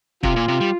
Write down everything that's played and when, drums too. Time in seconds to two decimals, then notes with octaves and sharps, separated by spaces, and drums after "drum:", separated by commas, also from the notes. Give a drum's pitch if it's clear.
0.23 C3 F4, drum: kick
0.36 A#2
0.48 C3
0.60 G3